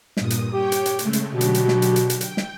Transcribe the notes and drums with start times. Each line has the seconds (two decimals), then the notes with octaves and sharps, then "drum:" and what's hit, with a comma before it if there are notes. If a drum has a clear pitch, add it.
0.17 G2 A#2 D#6, drum: snare
0.30 drum: hi-hat
0.53 G4 C#5 G5
0.72 drum: hi-hat
0.86 drum: hi-hat
0.99 C#3 G#3 A3, drum: hi-hat
1.13 drum: hi-hat
1.31 B2 D3 F#3 G4
1.41 drum: hi-hat
1.54 drum: hi-hat
1.68 drum: snare
1.82 drum: hi-hat
1.96 drum: hi-hat
2.10 drum: hi-hat
2.21 G5, drum: hi-hat
2.37 drum: snare